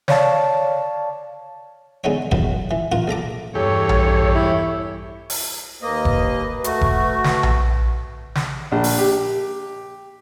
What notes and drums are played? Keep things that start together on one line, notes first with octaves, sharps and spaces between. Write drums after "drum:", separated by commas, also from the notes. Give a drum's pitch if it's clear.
C#5 D5 F5 A5, drum: snare
D3 G#3 B3 D#4 C#5
B1 D#3 F#3 F#4 B4, drum: kick F1
E3
F4 F#4 A#4 F#5
A#1 A4 A#5 D6
E2 G2 G4 A4 C#5
drum: tom A#1
E4
drum: open hi-hat
D#2 A#3 B4 D#5
drum: kick F1
A3 F#4, drum: hi-hat
drum: kick F1
drum: snare
drum: tom A#1
drum: snare
A#1
drum: open hi-hat
G4